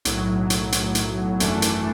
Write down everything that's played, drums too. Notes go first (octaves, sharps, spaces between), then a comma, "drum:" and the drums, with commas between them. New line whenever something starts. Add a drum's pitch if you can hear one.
B1 A2 F#3, drum: hi-hat
drum: hi-hat
drum: hi-hat
drum: hi-hat
G#1 F#2 E3 A3 D4, drum: hi-hat
drum: hi-hat